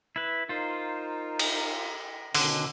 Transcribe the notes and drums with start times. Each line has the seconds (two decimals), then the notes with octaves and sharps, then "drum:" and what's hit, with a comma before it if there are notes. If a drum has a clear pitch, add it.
0.16 E4 B4
0.49 D#4 F4 A#4 C5
1.39 drum: cymbal
2.35 B2 D3 D#3 C#4, drum: open hi-hat